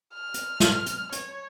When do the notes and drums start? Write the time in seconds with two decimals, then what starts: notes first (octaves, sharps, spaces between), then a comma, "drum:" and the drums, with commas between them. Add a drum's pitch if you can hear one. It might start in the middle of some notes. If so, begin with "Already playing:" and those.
0.13 F6
0.34 drum: hi-hat
0.60 drum: snare
0.86 drum: hi-hat
1.12 C#5, drum: hi-hat